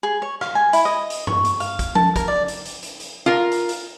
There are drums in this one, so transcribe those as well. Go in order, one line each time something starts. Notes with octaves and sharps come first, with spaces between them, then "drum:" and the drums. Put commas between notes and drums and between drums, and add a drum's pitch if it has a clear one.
G#4
C#5
F5, drum: rim click
G#5
E4, drum: hi-hat
D#5
drum: hi-hat
C#6, drum: tom G2
drum: hi-hat
F5, drum: hi-hat
drum: kick A1, hi-hat
A5, drum: tom F3
A#4, drum: kick A1, hi-hat
D5
drum: hi-hat
drum: hi-hat
drum: hi-hat
drum: hi-hat
F4 A#4
drum: hi-hat
drum: hi-hat